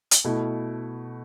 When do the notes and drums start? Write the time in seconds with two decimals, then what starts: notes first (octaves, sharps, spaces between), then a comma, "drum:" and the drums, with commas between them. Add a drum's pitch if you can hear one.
0.11 drum: hi-hat
0.24 B2 A3 E4